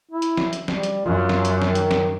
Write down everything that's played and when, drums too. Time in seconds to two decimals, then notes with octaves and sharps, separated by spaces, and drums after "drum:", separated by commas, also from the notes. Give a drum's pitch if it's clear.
0.11 E4
0.22 drum: hi-hat
0.37 drum: snare
0.53 drum: hi-hat
0.68 G3, drum: snare
0.83 drum: hi-hat
1.05 F#2 F4
1.29 drum: snare
1.45 drum: hi-hat
1.62 D#3, drum: snare
1.75 drum: hi-hat
1.91 drum: snare